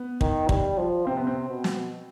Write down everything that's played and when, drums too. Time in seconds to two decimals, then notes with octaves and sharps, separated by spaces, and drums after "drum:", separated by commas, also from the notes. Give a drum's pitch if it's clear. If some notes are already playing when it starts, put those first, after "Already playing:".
Already playing: B3
0.21 D#3, drum: kick
0.49 G3, drum: kick
0.78 F3
1.07 C3 C4
1.17 B3
1.27 C4
1.50 B2
1.64 drum: snare